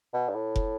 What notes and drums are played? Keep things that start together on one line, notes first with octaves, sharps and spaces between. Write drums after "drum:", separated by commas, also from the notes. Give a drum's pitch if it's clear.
B2
G2
A2
drum: kick